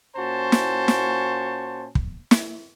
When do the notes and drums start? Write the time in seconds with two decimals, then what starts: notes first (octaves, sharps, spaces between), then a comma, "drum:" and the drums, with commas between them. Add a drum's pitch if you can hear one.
0.16 A#2 C#4 F#4 C5 A5
0.52 drum: snare
0.88 drum: snare
1.95 drum: kick
2.31 drum: snare